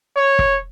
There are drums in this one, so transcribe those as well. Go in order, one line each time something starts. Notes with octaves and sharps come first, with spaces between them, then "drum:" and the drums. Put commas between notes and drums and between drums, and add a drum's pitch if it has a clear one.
C#5
drum: kick